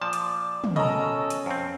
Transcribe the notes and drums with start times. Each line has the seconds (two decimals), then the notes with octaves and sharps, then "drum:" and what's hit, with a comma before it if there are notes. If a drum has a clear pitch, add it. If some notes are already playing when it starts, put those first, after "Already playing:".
0.01 A#2 F3 D5 A5
0.13 drum: hi-hat
0.64 drum: tom
0.76 B2 C#4 A4 A#4 D#5 A#5
1.30 drum: hi-hat
1.46 F2 C4